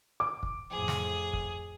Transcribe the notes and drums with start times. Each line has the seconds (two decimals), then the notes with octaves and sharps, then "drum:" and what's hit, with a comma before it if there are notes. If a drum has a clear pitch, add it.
0.20 D6
0.43 drum: kick
0.71 F2 A2 G#4
0.88 drum: snare
1.33 drum: kick